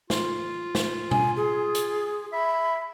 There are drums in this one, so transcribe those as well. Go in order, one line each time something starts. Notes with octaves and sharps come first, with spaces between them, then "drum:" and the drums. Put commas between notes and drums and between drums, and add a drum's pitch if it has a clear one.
F4, drum: snare
drum: snare
G#5, drum: tom B2
G#4
drum: hi-hat
E5 B5